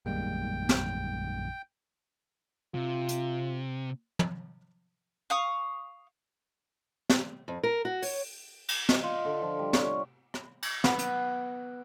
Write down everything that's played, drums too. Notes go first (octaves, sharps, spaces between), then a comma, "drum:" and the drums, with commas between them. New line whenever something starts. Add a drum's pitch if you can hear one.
A#1 F#2 D#3 G3 G#3 A#3 G5
drum: snare
C3 F4
drum: hi-hat
drum: tom
F5 C#6 D#6
drum: snare
F2
A#4
F#4
C#5, drum: open hi-hat
drum: cymbal
D#5, drum: snare
F4
D3
F3
G3
C#5, drum: snare
drum: rim click
drum: cymbal
B3, drum: snare
drum: hi-hat